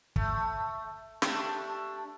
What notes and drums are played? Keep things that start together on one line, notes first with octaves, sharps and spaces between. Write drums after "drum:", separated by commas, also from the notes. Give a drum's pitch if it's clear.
A3, drum: kick
A3 D4 G4, drum: snare